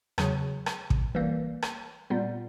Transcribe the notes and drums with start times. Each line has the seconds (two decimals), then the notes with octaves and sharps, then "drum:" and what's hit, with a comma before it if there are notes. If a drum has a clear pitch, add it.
0.18 E2 C#3 F#3, drum: rim click
0.66 drum: rim click
0.90 drum: kick
1.15 E3 G3 A#3
1.62 drum: rim click
2.10 A#2 G3 B3